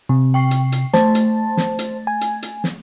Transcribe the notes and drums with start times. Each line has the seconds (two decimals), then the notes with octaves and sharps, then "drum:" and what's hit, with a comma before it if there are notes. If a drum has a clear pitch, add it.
0.09 C3
0.34 G5 C#6 C7
0.51 drum: hi-hat
0.72 drum: hi-hat
0.94 A3 C5 A5 A6, drum: snare
1.15 drum: hi-hat
1.57 drum: snare
1.79 drum: hi-hat
2.07 G#5
2.21 drum: hi-hat
2.42 drum: hi-hat
2.64 drum: snare